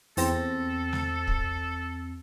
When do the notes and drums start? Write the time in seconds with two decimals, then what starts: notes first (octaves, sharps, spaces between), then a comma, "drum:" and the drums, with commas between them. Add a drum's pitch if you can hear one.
0.17 E2 C4 A4 A#6, drum: open hi-hat
0.93 drum: snare
1.27 drum: kick